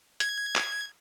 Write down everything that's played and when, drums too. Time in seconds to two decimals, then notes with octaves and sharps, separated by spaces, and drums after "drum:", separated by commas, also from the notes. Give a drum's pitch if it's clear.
0.20 G#6, drum: hi-hat
0.56 drum: clap